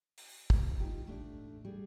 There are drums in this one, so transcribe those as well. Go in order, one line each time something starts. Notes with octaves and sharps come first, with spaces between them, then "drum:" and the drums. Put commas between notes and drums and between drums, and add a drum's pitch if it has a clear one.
drum: open hi-hat
F#1 C2, drum: kick
D#4 F4 G4
E2 A2 A3 D4
G3 G#4